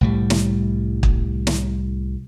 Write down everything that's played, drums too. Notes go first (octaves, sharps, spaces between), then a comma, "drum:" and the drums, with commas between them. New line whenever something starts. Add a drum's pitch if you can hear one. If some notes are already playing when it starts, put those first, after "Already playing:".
C2 A2 G3
drum: snare
drum: kick
drum: snare